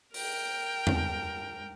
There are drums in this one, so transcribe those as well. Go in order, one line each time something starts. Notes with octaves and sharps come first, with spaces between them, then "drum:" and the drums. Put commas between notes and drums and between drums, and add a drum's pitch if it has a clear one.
A#4 G5, drum: open hi-hat
drum: tom E2